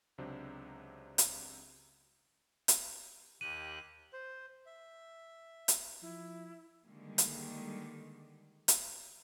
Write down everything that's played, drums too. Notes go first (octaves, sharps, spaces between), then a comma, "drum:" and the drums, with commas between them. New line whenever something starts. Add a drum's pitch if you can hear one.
C#2 C3 F#3 D4 C5
drum: hi-hat
drum: hi-hat
D#2 G4 F#6 D#7
C5
E5
drum: hi-hat
F3 E4
D3 D#3 G3 G#3 A#3
drum: hi-hat
drum: hi-hat